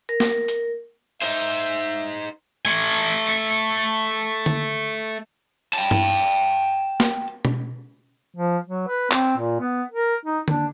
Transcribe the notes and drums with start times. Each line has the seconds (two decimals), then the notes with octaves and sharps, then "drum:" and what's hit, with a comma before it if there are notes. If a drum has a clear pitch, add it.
0.09 A#4
0.20 drum: snare
0.48 drum: hi-hat
1.22 D#4 C5 E5, drum: open hi-hat
2.65 A3 G#5
4.46 drum: tom D3
5.73 G5 A5, drum: cymbal
5.91 drum: tom G2
7.00 drum: snare
7.45 drum: tom B2
8.36 F3
8.67 F#3
8.88 B4
9.11 C4, drum: clap
9.37 A#2
9.60 B3
9.92 A#4
10.25 D#4
10.48 D4, drum: tom D3